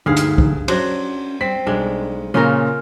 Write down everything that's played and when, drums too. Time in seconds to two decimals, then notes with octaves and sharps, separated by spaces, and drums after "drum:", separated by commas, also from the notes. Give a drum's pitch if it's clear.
0.06 D2 G2 D#4 G#4 F5
0.17 drum: hi-hat
0.38 drum: kick C2
0.68 F#3 C#4 D4 C5, drum: cymbal
1.41 G3 C4 B6
1.67 B1 G3 G#3 D4
2.34 A#2 C#3 A#3 C#4 F4 A#4